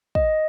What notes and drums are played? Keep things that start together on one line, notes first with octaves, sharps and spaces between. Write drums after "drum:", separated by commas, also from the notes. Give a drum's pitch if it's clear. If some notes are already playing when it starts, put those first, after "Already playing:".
D#5, drum: kick